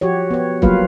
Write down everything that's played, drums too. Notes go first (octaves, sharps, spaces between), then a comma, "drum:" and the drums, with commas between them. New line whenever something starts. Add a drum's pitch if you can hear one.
F3 F#4 G4 C#5
B3 C#5
F#3 G3 A#3 F4 B4 F5, drum: kick